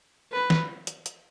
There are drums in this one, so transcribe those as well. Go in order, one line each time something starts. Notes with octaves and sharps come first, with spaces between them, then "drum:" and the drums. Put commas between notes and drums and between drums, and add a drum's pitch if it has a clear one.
B4
drum: snare
drum: hi-hat
drum: hi-hat